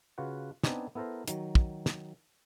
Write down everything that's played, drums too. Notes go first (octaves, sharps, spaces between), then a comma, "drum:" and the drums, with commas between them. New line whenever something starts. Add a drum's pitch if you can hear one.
C#3 F4 F#4 B4 F#5
B3 C4 D4 D#4 D5 G#5, drum: snare
B3 E4 A4 A#4 C5 A#5
D#3 F#3, drum: hi-hat
drum: kick
drum: snare